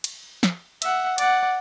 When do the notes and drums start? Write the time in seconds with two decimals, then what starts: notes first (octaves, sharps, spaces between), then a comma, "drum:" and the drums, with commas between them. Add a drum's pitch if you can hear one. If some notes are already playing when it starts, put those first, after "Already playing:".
0.04 drum: cymbal
0.43 drum: snare
0.82 E5 F#5, drum: cymbal
1.18 D5 F#5, drum: cymbal